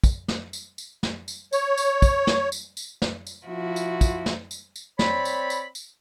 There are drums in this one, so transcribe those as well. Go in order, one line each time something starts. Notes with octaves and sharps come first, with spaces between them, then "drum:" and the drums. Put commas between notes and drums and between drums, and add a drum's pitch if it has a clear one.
drum: kick, tambourine
drum: snare
drum: tambourine
drum: tambourine
drum: snare
drum: tambourine
C#5, drum: tambourine
drum: tambourine
drum: kick, tambourine
drum: snare
drum: tambourine
drum: tambourine
drum: snare
drum: tambourine
F3 E4 F#4
drum: tambourine
drum: kick, tambourine
drum: snare
drum: tambourine
drum: tambourine
C4 C#5 D5 B5, drum: snare
drum: tambourine
drum: tambourine
drum: tambourine